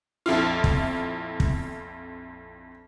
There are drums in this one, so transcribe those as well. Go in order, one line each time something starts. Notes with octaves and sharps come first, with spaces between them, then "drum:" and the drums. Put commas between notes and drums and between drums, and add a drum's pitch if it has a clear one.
A#1 F2 E4 F4
drum: kick
drum: kick